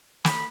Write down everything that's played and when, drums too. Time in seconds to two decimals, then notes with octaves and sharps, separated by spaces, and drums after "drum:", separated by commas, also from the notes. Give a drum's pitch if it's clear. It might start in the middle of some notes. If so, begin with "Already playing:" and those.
0.25 B5, drum: snare